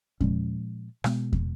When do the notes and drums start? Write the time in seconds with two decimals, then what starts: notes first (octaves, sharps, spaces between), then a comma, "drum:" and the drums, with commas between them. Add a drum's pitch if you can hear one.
0.21 A#2 F3 G#3 C#4, drum: kick E2
1.04 B2 G#3 B3, drum: rim click
1.33 drum: kick E2